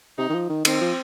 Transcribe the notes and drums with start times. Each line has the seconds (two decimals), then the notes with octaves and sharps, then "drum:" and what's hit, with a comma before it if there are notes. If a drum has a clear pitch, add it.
0.18 C3 D#4
0.30 D#3
0.34 F3
0.49 D#3
0.65 D#3 C4, drum: cymbal
0.81 F3